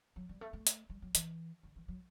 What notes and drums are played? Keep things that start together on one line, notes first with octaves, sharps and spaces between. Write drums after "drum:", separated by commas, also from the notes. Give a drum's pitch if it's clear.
F#3
G3
A3
A3
drum: hi-hat
G3
F#3
E3, drum: hi-hat
D3
E3
F#3